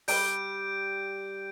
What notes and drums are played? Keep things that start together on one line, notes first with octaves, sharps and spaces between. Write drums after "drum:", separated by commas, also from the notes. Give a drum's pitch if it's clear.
G3 G6 D7, drum: open hi-hat